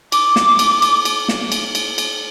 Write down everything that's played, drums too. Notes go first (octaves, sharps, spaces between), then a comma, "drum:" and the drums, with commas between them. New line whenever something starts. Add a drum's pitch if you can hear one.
D6, drum: cymbal
drum: snare
drum: cymbal
drum: cymbal
drum: cymbal
drum: snare
drum: cymbal
drum: cymbal
drum: cymbal